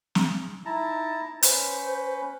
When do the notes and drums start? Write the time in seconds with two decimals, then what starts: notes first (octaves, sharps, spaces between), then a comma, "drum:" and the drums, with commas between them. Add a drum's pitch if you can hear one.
0.15 drum: snare
0.66 D#4 E4 A5 A#5
1.43 C#4 B4 C5, drum: hi-hat